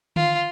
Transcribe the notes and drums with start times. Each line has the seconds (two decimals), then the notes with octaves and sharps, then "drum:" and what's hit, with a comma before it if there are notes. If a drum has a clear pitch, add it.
0.16 F4, drum: tom D3